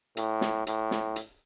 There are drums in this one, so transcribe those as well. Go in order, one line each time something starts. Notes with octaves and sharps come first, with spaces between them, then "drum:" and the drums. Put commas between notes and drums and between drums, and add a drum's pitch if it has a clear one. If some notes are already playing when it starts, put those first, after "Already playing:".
A2, drum: hi-hat
drum: snare
A2, drum: hi-hat
drum: snare
drum: hi-hat